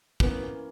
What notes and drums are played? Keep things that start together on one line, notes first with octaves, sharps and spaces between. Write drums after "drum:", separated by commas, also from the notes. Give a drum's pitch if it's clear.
E3 A#3 B3 C#4, drum: kick